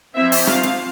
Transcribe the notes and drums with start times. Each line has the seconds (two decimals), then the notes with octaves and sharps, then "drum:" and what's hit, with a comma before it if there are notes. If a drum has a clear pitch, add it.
0.16 F3 C4 E4 E5
0.32 drum: open hi-hat
0.47 F4 F5, drum: rim click
0.63 drum: hi-hat